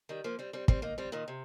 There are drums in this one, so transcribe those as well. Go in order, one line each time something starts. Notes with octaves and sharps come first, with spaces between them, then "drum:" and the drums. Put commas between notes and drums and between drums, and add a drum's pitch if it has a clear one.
D#3 G3
F3 A#3
G3 C4
G3 C4
G3 C4, drum: kick
A#3 D#4
G3 C4
A#2 D#3
C3